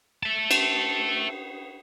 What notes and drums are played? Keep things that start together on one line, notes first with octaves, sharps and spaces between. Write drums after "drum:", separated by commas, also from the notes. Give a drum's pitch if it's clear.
E5 A5
drum: cymbal